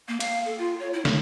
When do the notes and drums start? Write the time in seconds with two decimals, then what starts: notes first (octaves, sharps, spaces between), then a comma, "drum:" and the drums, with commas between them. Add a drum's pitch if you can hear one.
0.08 A#3
0.20 F5, drum: cymbal
0.45 A4
0.58 F4
0.80 C#5
0.93 E4
1.05 A3, drum: snare